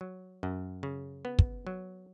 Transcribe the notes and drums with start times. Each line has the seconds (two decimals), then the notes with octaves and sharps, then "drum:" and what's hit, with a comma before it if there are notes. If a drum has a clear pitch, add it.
0.01 F#3
0.43 F#2
0.83 C#3
1.25 B3
1.39 drum: kick
1.67 F#3